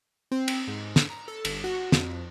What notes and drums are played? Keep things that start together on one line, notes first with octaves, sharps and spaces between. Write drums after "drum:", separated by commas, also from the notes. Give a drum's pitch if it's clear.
C4
drum: cymbal
G#2
drum: snare
A#5
A4
G1, drum: cymbal
F#4
F2, drum: snare